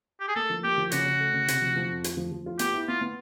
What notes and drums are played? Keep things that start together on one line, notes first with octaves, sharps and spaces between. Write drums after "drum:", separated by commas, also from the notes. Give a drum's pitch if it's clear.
G4
G#4
A#3 A4
F3
A#3 G4
F3
C#3 F#4, drum: hi-hat
C#3
A3
C#3
C3, drum: hi-hat
F3
F3
F2
F4, drum: hi-hat
F3
F3
F4
B3 G4, drum: hi-hat
E4
B3 F4
B3